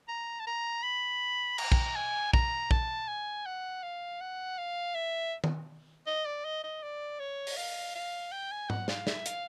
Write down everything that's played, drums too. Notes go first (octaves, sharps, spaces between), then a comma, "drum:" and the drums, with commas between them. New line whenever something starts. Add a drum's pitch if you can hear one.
A#5
A5
A#5
B5
A#5, drum: cymbal
drum: kick
G#5
A#5, drum: kick
A5, drum: kick
G#5
F#5
F5
F#5
F5
E5
drum: tom D#3
D#5
D5
D#5
D#5
D5
C#5
drum: open hi-hat
F5
F5
G5
G#5
F#5, drum: tom G#2
F5, drum: snare
E5, drum: snare
F5, drum: hi-hat